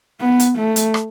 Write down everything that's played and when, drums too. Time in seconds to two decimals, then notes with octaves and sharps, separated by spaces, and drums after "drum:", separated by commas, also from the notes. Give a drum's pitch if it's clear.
0.21 B3
0.40 drum: hi-hat
0.58 A3
0.76 drum: hi-hat
0.94 drum: rim click